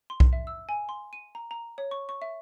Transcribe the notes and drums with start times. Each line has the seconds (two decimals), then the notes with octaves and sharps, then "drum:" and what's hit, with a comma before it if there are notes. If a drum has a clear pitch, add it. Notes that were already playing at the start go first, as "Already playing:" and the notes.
0.10 C6
0.20 drum: kick B1
0.33 E5
0.47 E6
0.69 G#5
0.89 C6
1.13 D#7
1.35 A#5
1.51 A#5
1.78 C#5
1.91 C#6
2.09 C#6
2.22 E5